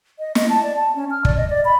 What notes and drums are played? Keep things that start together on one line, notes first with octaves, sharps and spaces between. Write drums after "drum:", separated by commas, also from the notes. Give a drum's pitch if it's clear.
D#5
D#5, drum: snare
A5
D5
A5
C#4
F6
D5, drum: kick
D#5
D5
B5